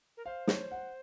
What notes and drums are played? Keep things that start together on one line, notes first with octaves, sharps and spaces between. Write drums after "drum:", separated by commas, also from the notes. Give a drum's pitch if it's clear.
A#4
C5 F5
C#5, drum: snare
F#5